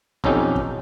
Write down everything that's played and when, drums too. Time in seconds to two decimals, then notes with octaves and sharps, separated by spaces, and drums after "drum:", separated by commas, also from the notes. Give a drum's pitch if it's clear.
0.24 B1 F2 C#4 D#4 G4, drum: kick
0.56 drum: kick